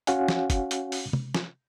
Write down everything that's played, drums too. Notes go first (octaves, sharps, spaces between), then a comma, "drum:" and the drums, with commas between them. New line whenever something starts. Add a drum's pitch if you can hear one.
C#4 F#4 C#5 F5 F#5 G#5, drum: hi-hat
drum: snare
drum: kick, hi-hat
drum: hi-hat
drum: open hi-hat
drum: tom
drum: snare